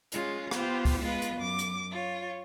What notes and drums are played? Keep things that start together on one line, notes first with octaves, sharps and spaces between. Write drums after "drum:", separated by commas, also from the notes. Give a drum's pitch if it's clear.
G#3 C#4 F4, drum: hi-hat
B3 F4 G4 C5, drum: rim click
drum: kick C#2, open hi-hat
G#3 B3 F4 B4
drum: hi-hat
F#2 D6
drum: hi-hat
F4 C#5